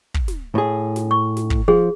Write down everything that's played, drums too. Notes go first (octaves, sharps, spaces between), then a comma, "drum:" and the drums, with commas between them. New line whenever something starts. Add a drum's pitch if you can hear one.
drum: kick
drum: snare
A2 G#4
drum: snare
C#6
drum: snare
drum: kick
F3 G#4